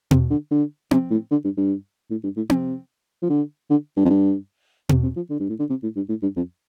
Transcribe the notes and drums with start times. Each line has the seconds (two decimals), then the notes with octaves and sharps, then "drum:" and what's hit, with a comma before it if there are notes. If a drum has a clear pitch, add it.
0.11 C3, drum: tom B2
0.30 D3
0.51 D3
0.91 C3, drum: tom C4
1.10 A2
1.31 D3
1.44 G2
1.57 G2
2.11 A2
2.24 G2
2.36 A2
2.50 C3, drum: tom C4
3.22 F3
3.29 D3
3.70 D3
3.97 G2
4.05 F2
4.10 G2
4.89 C3, drum: tom B2
5.03 C3
5.16 F3
5.30 D3
5.40 G2
5.49 A2
5.59 D3
5.70 C3
5.83 A2
5.96 G2
6.09 A2
6.22 G2
6.36 F2